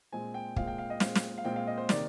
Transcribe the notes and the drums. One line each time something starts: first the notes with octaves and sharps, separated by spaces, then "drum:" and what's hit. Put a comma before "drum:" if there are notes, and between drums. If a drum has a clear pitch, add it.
A#2 G#3 C4 G#5
G5
A#2 G#3 C4 F5, drum: kick
G5
F5
D#5
A#2 G#3 C4 F5, drum: snare
drum: snare
F5
A#2 G#3 C4 G5
F5
D#5
C5
C3 D#3 A#3 D5, drum: snare